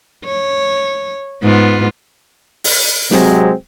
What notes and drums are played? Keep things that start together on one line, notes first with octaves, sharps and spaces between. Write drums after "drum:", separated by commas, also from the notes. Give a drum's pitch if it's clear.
C#5
G#2 B3 F4
drum: open hi-hat
C3 F#3 G#3 C4, drum: snare